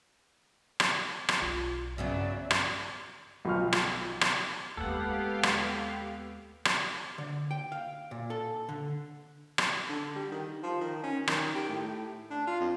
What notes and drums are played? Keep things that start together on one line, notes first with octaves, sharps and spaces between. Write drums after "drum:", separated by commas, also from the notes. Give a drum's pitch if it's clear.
drum: rim click
drum: rim click
B1 F4
G2 C#3 F#3 B3 D5 E5
drum: rim click
B1 F3 C#6 F6
drum: rim click
drum: rim click
D#2 G#3 B3 G4 A4 F5 F#5
drum: rim click
drum: rim click
D3
G5
F5
A#2
A4
D3
drum: rim click
D3
G3
D#3
F3
D#3
C#4
D#3, drum: rim click
G4
A2
D4
F4
F2